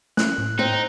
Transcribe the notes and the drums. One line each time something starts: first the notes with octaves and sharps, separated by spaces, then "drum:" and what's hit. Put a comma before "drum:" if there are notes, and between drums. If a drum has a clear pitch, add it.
C#4 F#6, drum: snare
A2
C4 D#4